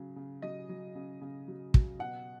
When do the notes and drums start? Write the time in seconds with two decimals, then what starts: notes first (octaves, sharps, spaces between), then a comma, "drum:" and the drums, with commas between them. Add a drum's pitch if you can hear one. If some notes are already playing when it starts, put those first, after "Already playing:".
Already playing: C#3 F#3
0.16 C#3
0.42 F#3 D#5
0.69 F#3
0.95 C#3
1.21 C#3
1.48 F#3
1.74 F#3, drum: kick
1.99 B2 F#5